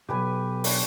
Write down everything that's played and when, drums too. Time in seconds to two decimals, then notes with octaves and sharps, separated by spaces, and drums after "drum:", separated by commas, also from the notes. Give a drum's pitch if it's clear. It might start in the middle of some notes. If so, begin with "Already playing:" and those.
0.09 B1 G2 G4 B4 G#5
0.64 D4 B4 C#5, drum: open hi-hat